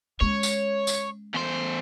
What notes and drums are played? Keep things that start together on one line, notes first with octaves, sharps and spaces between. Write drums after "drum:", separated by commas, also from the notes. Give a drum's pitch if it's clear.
G#3 C#4 C#5
drum: tambourine
drum: tambourine
E2 C5